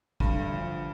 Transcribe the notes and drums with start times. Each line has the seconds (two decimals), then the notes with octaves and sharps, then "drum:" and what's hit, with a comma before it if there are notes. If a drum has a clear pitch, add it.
0.20 G2 D3, drum: kick
0.37 D2
0.53 F3